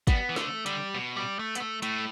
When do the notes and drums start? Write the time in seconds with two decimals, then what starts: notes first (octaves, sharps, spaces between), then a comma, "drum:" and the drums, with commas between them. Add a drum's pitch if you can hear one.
0.07 G3 B3, drum: kick, hi-hat
0.30 E3
0.36 D3 A3, drum: snare
0.66 D3 G3, drum: hi-hat
0.95 B2
1.16 G3
1.39 A3
1.55 B3, drum: hi-hat
1.60 A3
1.82 A2 A3, drum: hi-hat